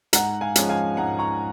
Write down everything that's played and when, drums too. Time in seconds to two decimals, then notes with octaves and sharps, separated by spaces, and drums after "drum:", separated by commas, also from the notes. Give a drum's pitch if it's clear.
0.13 G#2 F#5 A#5, drum: hi-hat
0.41 F5 G#5
0.56 F3 G#3 C#4, drum: hi-hat
0.69 F5 G#5
0.97 G#2 F#5 A#5
1.19 A#5 C#6